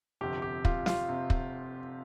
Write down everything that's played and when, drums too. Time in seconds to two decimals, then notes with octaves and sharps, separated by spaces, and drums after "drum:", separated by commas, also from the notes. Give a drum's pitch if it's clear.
0.21 G1 F2 C3 G4
0.42 G4
0.65 F4, drum: kick
0.86 F4, drum: snare
1.09 C3
1.30 drum: kick